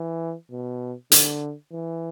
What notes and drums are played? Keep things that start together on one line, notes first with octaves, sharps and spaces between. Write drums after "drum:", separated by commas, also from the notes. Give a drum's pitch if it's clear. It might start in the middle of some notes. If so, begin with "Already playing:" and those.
Already playing: E3
B2
D3, drum: hi-hat
E3